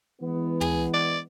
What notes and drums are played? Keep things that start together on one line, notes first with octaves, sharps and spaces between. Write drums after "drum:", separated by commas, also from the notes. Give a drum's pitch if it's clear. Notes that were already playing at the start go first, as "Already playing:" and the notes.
E3 G#3 B3
G#4, drum: tom
D5